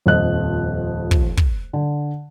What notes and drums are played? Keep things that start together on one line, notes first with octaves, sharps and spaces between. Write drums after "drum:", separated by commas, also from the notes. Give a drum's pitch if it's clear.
D#1 F2 F3 D#5 F#6
drum: kick
drum: kick
D3